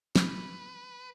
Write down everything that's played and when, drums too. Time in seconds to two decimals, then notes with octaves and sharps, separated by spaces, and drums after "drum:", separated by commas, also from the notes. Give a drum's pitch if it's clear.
0.16 B4, drum: snare